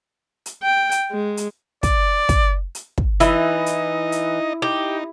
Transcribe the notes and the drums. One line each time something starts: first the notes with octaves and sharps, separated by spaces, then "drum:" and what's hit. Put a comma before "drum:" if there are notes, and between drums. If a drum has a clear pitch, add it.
drum: hi-hat
G5
drum: hi-hat
G#3
drum: hi-hat
D5, drum: kick, hi-hat
drum: kick, hi-hat
drum: hi-hat
drum: kick
E3 D#4 E4 D#5, drum: hi-hat
drum: hi-hat
drum: hi-hat
D#4 G4